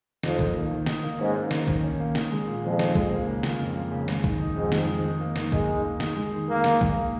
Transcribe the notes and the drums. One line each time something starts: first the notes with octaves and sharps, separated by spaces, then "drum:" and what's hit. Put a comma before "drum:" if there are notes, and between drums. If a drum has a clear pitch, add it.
F2 D#4, drum: snare
A#3, drum: kick
D#3
D#3
D#4, drum: snare
A#3
G#2 C#4
A#3
D#3, drum: snare
D#3, drum: kick
C#4
A#3
D#4, drum: snare
G#3
A#2
F2 A#2
D#4, drum: snare
G#3, drum: kick
A#3
C#3
F4, drum: snare
F2
A#3
C#3
G#3, drum: snare
D#3, drum: kick
D#4
F2 G#2
G#3, drum: snare
D#3
D#4
A#3
D#3, drum: snare
D#3 G#3, drum: kick
D#4
A#3
D#4, drum: snare
G#3
D#3
D#3 A#3
D#4, drum: snare
G#3, drum: kick
A#3